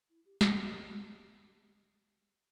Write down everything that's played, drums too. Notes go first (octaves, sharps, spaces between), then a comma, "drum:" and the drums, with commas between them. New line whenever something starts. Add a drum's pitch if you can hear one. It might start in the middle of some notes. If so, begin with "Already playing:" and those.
E4
G4
E4, drum: snare
D#4
D#4
C#4
B3
G4